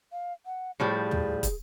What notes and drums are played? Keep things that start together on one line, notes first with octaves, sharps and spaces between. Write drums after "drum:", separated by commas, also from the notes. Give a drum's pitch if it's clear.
F5
F#5
A2 F3 G3 G#4
drum: tom
drum: kick, hi-hat